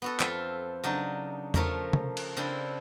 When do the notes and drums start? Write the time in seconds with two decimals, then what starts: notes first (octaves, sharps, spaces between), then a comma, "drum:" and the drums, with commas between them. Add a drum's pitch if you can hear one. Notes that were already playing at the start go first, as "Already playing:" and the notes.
0.02 B3 F#4 A4
0.20 F2 C4 F4 A4 E5, drum: clap
0.84 C#3 F#3 D4 D#4
1.54 F3 A3 A#4 C#5 E5, drum: tom E2
1.93 drum: tom
2.17 drum: cymbal
2.37 C#3 C4 D4 E4